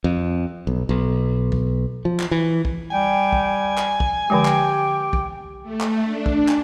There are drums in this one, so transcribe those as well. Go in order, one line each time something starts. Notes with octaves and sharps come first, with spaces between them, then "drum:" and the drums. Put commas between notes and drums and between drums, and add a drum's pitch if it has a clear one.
F2
B1
B1
drum: kick
F3
drum: clap
E3
drum: kick
G3 G5 G#5
drum: kick
drum: clap
drum: kick
D3 F3 G#3 G4 G5
drum: clap
drum: kick
A3
drum: clap
D4
drum: kick
drum: clap